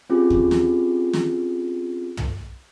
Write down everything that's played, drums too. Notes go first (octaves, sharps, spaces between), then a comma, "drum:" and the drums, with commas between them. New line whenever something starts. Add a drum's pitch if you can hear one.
C4 C#4 F4 G4 G#4
drum: kick
drum: snare
drum: snare
drum: tom